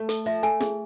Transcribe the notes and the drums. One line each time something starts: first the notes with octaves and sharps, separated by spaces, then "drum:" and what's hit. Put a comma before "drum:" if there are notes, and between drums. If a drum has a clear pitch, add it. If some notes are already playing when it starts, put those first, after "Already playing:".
Already playing: A3
A4, drum: hi-hat
F3 E5
A3 G#5
G#4, drum: snare